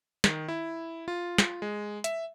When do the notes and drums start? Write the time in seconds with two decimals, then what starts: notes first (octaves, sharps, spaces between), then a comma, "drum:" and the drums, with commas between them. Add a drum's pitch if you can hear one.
0.24 D#3, drum: snare
0.48 E4
1.08 F4
1.38 drum: snare
1.62 G#3
2.04 E5, drum: hi-hat